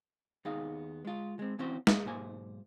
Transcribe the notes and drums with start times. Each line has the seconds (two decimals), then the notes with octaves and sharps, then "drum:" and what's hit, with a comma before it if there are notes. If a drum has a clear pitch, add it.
0.45 D#2 B3 D#4 G#4 F5
1.05 G#3 F4
1.39 G#3 C4
1.59 E3 C4 C#4 F#4 C5
1.87 G#4 D#5 F5, drum: snare
2.05 B1 G#2 A#3 C5 G#5